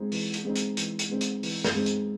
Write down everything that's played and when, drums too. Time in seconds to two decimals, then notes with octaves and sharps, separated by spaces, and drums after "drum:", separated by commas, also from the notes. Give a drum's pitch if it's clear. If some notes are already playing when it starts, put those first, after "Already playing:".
Already playing: G#3 C4 D#4
0.12 E3, drum: open hi-hat
0.34 drum: hi-hat
0.45 G#3 C4 D#4
0.56 drum: hi-hat
0.77 E3, drum: hi-hat
0.99 drum: hi-hat
1.10 G#3 C4 D#4
1.21 drum: hi-hat
1.43 E3, drum: open hi-hat
1.64 drum: snare
1.75 G#3 C4 D#4
1.86 drum: hi-hat